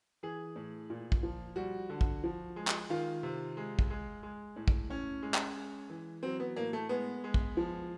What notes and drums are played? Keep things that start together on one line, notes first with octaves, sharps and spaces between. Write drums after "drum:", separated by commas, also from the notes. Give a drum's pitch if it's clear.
E3 G#4
A2
A#2
drum: kick
F3
G3 F#4
D3
drum: kick
F3
G#3
drum: clap
D#3 F4
C3
G#3
drum: kick
G#3
G#3
A2
drum: kick
A2 C#4
G#3
drum: clap
G#3
E3
F#3 C4
B3
A2 A#3
A3
G#3 B3
G#3
drum: kick
F3